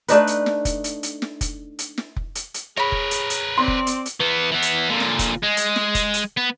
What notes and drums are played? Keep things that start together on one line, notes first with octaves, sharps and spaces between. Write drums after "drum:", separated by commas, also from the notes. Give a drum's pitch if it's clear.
A3 D4 D#4 B4, drum: hi-hat
drum: hi-hat
drum: snare
drum: kick F1, hi-hat
drum: hi-hat
drum: hi-hat
drum: snare
drum: kick F1, hi-hat
drum: hi-hat
drum: snare
drum: kick F1
drum: hi-hat
drum: hi-hat
G#4 A#4 B4 C#5 B5
drum: kick F1
drum: hi-hat
drum: hi-hat
C4 D5 C6
drum: kick F1
drum: hi-hat
drum: hi-hat
E3 B3
E3 B3
drum: hi-hat
A#2 D3
drum: snare
drum: kick F1, hi-hat
G#3
drum: hi-hat
drum: snare
drum: kick F1, hi-hat
drum: hi-hat
B3